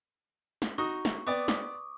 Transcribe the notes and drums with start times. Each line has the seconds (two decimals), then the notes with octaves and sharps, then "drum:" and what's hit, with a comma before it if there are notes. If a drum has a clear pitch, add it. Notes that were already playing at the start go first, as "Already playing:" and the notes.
0.62 drum: snare
0.78 D#4 F#4 C#6 D#6
1.05 drum: snare
1.27 B3 D5 G5 D6 D#6
1.48 drum: snare